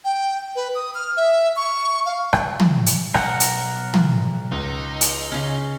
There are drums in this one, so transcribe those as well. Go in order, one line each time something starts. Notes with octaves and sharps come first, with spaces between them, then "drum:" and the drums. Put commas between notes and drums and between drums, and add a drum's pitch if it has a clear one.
G5
B4
D#6
F6
E5
C#6
F5
drum: rim click
drum: tom
drum: hi-hat
B1 A#4 F#5, drum: rim click
drum: hi-hat
drum: tom
C#2 D#4
drum: hi-hat
C#3 C#4